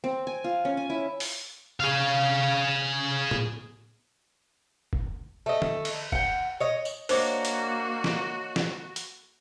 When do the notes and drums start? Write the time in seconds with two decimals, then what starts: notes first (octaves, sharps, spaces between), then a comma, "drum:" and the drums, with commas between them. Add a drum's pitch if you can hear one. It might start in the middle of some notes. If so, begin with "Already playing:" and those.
0.04 C4
0.27 G#5
0.44 F4
0.65 C#4
0.77 G#5
0.90 E4
1.20 drum: open hi-hat
1.80 G#4 F5
3.31 drum: tom A2
4.93 drum: kick
5.46 A3 D#5
5.62 drum: tom D3
5.85 drum: cymbal
6.12 F#5 G5, drum: kick
6.60 C#5 D#5
6.85 drum: tambourine
7.09 A#3 D4 F#4 C5 C#5 D#5 D6, drum: open hi-hat
7.45 drum: hi-hat
8.04 drum: snare
8.56 drum: snare
8.96 drum: hi-hat